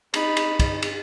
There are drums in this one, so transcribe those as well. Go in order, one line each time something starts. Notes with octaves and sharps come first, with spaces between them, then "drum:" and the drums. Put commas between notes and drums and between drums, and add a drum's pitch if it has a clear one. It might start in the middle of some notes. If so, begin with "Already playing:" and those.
D#4 B5, drum: cymbal
drum: cymbal
drum: kick, cymbal
drum: cymbal